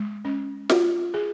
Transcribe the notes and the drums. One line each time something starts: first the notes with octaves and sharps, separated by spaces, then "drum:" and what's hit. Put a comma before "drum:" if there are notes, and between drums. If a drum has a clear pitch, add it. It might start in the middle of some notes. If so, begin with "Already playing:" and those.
Already playing: G#3
C#4
F4, drum: snare
G#4